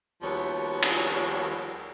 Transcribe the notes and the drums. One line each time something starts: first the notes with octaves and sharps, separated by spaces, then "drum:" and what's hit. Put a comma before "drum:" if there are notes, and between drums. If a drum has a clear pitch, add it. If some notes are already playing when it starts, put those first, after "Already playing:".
D#2 F3 G3 B3 F#4 C#5
drum: cymbal